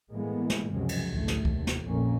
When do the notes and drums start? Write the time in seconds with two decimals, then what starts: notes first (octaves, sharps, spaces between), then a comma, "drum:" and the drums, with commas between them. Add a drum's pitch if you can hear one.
0.12 A2 E3 G#3 A#3 B3
0.50 drum: snare
0.70 C#2 F#2 C3 F3 F#3 G#3
0.89 drum: cymbal
1.10 A1 D2 A3
1.28 drum: snare
1.45 F1 D#2, drum: kick C2
1.67 drum: snare
1.87 A#1 F2 A#2 A#3 C#4